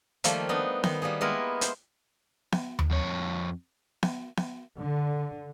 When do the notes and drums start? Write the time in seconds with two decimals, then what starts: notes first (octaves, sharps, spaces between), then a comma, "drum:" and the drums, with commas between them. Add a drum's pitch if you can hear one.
0.24 D#3 F3 G3 A3 A#3, drum: hi-hat
0.49 B3 D4 D#4
0.84 D#3, drum: snare B3
1.02 G3 A#3 B3 G#4
1.21 G#3 A#3 B3 E4 A#4
1.61 C5, drum: hi-hat
2.52 drum: snare B3
2.79 drum: tom D#2
2.91 F2 C#5
4.03 drum: snare B3
4.37 drum: snare B3
4.77 D3